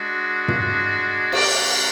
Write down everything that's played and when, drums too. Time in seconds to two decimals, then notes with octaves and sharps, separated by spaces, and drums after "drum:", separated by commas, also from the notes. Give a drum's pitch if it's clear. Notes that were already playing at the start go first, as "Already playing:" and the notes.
Already playing: G#3 D4 F#4
0.48 drum: tom
1.32 A#3 D4 F#4 A#4 D5, drum: cymbal